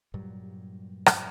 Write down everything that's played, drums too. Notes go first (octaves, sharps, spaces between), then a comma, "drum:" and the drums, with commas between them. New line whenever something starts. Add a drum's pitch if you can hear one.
G2 A#2 F#3 G3
drum: rim click